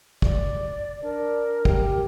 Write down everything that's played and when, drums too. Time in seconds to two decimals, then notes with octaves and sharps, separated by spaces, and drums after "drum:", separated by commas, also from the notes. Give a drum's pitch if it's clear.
0.22 D5, drum: kick
1.04 D4 A#4
1.65 G4, drum: kick